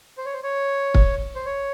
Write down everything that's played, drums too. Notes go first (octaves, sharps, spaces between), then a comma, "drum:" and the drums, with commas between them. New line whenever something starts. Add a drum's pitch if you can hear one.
C5
C#5
C5
C#5
drum: kick
C5
C#5